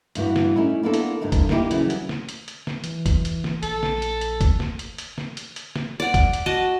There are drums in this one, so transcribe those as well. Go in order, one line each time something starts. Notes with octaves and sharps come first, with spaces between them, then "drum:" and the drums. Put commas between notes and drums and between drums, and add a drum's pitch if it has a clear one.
E2 G2 E3 F#4, drum: hi-hat
drum: snare
A3 C#4 D#4 E4
A#3 B3 D4 E4 F4 A4
drum: hi-hat
D2 G2 D4 D#4 A#4
drum: kick F#1, hi-hat
A#3 D#4 E4 G4, drum: snare
C#3 E3 F#3 G3, drum: hi-hat
drum: hi-hat
drum: snare
drum: hi-hat
drum: hi-hat
drum: snare
E3, drum: hi-hat
drum: kick F#1, hi-hat
drum: hi-hat
drum: snare
A#1 A4, drum: hi-hat
drum: snare
drum: hi-hat
drum: hi-hat
drum: kick F#1, hi-hat
drum: snare
drum: hi-hat
drum: hi-hat
drum: snare
drum: hi-hat
drum: hi-hat
drum: snare
D5 F#5
drum: kick F#1, hi-hat
drum: hi-hat
F#4 D#5 A5